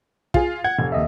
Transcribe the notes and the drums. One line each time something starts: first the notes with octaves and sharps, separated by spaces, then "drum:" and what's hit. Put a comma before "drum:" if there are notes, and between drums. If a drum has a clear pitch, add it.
F4 G#4, drum: kick
F#5 G#6
F1
D#2 D#5 E5